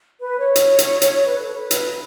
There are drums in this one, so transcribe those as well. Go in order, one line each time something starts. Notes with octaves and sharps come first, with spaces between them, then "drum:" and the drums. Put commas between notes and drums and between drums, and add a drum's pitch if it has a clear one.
B4
C#5
drum: hi-hat
drum: hi-hat
drum: hi-hat
B4
A4
B4
drum: hi-hat